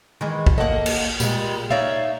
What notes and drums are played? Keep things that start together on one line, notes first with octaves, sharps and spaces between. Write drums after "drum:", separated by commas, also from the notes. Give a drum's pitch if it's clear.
D#3 E3 G#3
drum: kick
A#3 A4 D#5 F#5
drum: cymbal
A#2 G3 G#3, drum: tambourine
D#4 C#5 D5 E5 F5